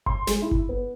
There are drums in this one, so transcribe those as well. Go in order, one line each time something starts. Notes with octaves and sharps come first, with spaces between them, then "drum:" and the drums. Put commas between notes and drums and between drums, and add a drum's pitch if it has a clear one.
C6, drum: kick G1
G#3, drum: snare
E4
drum: kick G1
B3